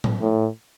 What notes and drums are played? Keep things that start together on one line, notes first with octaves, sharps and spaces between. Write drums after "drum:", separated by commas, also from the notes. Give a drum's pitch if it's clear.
drum: tom
A2